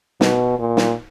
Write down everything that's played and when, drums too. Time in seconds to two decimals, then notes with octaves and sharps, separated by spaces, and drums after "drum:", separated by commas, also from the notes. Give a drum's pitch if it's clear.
0.21 B2, drum: snare
0.59 A#2
0.77 drum: snare